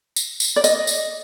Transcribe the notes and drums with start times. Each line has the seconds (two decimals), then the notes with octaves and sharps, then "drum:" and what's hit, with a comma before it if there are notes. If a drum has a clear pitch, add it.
0.16 drum: tambourine
0.40 drum: tambourine
0.56 D5
0.64 D#5, drum: tambourine
0.87 drum: tambourine